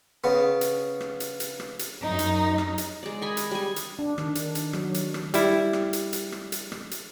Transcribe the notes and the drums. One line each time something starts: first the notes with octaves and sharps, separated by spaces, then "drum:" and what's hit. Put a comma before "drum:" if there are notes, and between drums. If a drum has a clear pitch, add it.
C#3 B3
drum: hi-hat
drum: rim click
drum: hi-hat
drum: hi-hat
drum: rim click
drum: hi-hat
F#2 D#4
drum: hi-hat
drum: rim click
drum: hi-hat
G#3 D5
D#5 G#5 B5
drum: hi-hat
G3 G#5
drum: hi-hat
D4
D#3, drum: rim click
drum: hi-hat
drum: hi-hat
F#3, drum: rim click
drum: hi-hat
drum: rim click
G3 E4, drum: hi-hat
drum: rim click
drum: hi-hat
drum: hi-hat
drum: rim click
drum: hi-hat
drum: rim click
drum: hi-hat